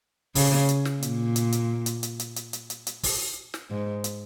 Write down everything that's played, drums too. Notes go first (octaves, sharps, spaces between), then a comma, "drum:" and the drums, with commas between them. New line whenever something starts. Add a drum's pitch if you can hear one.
C#3, drum: kick, open hi-hat
drum: hi-hat
drum: snare
A#2, drum: hi-hat
drum: hi-hat
drum: hi-hat
drum: hi-hat
drum: hi-hat
drum: hi-hat
drum: hi-hat
drum: hi-hat
drum: hi-hat
drum: hi-hat
drum: kick, open hi-hat
drum: snare
G#2
drum: hi-hat